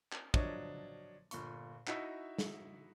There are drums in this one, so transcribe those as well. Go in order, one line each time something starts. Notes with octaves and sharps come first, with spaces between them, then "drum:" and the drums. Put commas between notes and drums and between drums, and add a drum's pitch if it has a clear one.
drum: clap
F3 F#3 D4 C#5 D#5, drum: kick
G1 A#2 C#6, drum: hi-hat
D#4 E4 F#4 D#5 E5, drum: clap
drum: snare